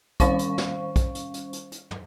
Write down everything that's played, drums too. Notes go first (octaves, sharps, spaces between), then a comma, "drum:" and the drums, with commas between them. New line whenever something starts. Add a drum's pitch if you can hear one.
D#3 G3 C#4 C5 F5 C#6, drum: kick, hi-hat
drum: hi-hat
drum: snare
drum: kick, hi-hat
drum: hi-hat
drum: hi-hat
drum: hi-hat
drum: hi-hat
drum: tom